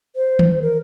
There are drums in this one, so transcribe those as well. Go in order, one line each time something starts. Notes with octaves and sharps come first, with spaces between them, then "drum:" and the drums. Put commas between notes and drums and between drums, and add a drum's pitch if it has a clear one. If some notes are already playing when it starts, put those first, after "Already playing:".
C5
drum: tom D#3
A#4